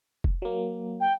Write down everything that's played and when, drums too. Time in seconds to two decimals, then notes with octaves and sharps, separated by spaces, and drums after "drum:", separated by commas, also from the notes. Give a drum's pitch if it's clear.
0.24 drum: kick F1
0.42 F#3 A#3
1.00 G5